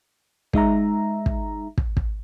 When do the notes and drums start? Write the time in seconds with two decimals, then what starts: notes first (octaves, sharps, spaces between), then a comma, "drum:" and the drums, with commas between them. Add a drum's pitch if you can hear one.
0.53 G#3 D#4 E5 A#5, drum: kick
1.26 drum: kick
1.78 drum: kick
1.97 drum: kick